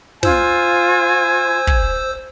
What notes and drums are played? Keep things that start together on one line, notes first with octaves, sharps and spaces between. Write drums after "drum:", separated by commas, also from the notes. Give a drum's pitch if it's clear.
F4 C5 G#5 E6, drum: snare
drum: kick